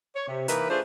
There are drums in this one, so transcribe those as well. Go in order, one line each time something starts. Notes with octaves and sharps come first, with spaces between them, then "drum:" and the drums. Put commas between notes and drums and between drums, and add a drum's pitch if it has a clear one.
C#5
C3
E3 A#3 D#4 A#4 B4, drum: hi-hat
A3 D4 F4 G#4 C5